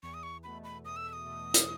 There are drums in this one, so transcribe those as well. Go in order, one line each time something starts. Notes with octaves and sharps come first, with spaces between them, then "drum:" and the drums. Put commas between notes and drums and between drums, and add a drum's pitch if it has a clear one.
E2 C#6
D#6
C#6
B2 A3 B5
B5
E2 D#6
E6
E6
D#6
B2 A3
drum: hi-hat